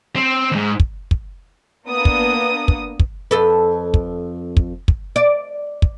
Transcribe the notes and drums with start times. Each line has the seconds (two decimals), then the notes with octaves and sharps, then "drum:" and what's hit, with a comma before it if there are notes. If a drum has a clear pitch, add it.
0.16 C4
0.52 D#2 G#2
0.80 drum: kick
1.11 drum: kick
1.87 A#3 B3 D4 D#6
2.05 drum: kick
2.68 drum: kick
3.00 drum: kick
3.31 F2 A4 B4
3.94 drum: kick
4.57 drum: kick
4.88 drum: kick
5.16 D5
5.82 drum: kick